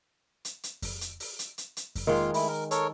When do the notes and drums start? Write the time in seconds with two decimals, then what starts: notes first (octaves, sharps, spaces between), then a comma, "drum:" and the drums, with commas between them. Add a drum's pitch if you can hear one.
0.45 drum: hi-hat
0.63 drum: hi-hat
0.82 drum: kick F2, open hi-hat
1.01 drum: hi-hat
1.20 drum: open hi-hat
1.39 drum: hi-hat
1.58 drum: hi-hat
1.77 drum: hi-hat
1.95 drum: kick F2, open hi-hat
2.07 D#3 G#3 A#3 F4 F5
2.34 A3 E4, drum: open hi-hat
2.48 A#4
2.71 A4 A#4 C#5, drum: hi-hat